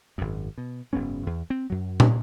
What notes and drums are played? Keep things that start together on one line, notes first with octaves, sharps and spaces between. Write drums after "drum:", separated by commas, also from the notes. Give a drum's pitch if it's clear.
G#1 F#2
B2
F#1 G#2 B3 C#4
E2
C4
F#2 F#3
drum: tom